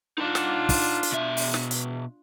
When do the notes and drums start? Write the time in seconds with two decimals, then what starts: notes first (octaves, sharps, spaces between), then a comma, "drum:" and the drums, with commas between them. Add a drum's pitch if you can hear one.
0.18 D4 D#4 F4 F#5
0.35 drum: snare
0.69 drum: kick, open hi-hat
1.03 drum: hi-hat
1.12 B2 E5
1.37 drum: open hi-hat
1.54 drum: snare
1.71 drum: hi-hat